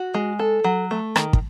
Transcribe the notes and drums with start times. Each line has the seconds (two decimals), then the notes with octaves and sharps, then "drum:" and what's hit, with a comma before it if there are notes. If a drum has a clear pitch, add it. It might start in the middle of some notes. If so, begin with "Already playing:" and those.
Already playing: F#4
0.14 G#3
0.39 A4
0.64 F#3
0.91 A3
1.16 D#3, drum: rim click
1.33 drum: kick